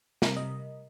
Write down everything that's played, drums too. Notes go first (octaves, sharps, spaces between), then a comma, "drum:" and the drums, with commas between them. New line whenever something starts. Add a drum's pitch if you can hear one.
C3 G3 A#4, drum: snare
D#5